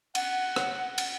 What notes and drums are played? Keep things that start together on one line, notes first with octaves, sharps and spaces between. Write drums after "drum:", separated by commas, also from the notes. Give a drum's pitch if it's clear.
F#5, drum: cymbal
drum: rim click
drum: cymbal